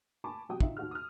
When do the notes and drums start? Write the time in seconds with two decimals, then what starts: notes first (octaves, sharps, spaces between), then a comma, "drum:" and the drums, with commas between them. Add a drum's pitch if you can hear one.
0.24 G#5 A5 B5 C#6 D6
0.49 C3 F#3 G5 D#6
0.61 D#4 F4 E5, drum: kick
0.77 D#2 F#4 G4 F6
0.91 D#6 F6